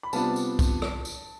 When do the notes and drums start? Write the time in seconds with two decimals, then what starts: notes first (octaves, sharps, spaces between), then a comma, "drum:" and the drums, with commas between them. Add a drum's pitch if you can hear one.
0.03 B5
0.13 C3 G3 B3 D4 F4 A5, drum: tambourine
0.36 drum: tambourine
0.59 drum: kick C2, tambourine
0.82 drum: rim click
1.05 drum: tambourine